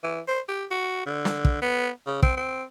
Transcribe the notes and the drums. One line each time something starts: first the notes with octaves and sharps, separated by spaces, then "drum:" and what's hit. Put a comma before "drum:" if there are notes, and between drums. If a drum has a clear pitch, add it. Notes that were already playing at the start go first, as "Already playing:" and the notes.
E3
C5
G4
F#4
D3
drum: snare
drum: kick
B3
C#3
C4, drum: kick
C4